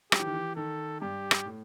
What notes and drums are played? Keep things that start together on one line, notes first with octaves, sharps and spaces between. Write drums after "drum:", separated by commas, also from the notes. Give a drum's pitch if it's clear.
F#3 G4, drum: rim click
E3
D#3
E3
D#3 A4
G2 G4
drum: rim click
A2